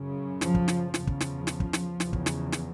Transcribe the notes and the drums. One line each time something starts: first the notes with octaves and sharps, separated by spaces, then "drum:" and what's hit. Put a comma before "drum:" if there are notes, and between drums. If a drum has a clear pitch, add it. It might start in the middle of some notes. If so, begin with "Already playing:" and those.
Already playing: F#2 C#3
F3, drum: snare
drum: kick
drum: snare
E2 C#3 F3, drum: snare
drum: kick
drum: snare
drum: snare
drum: kick
drum: snare
E2 C#3, drum: snare
drum: kick
drum: snare
drum: snare